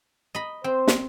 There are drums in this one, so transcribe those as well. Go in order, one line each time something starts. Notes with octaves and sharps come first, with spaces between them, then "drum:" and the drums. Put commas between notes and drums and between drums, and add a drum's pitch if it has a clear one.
D#5 B5
C4 C5
drum: snare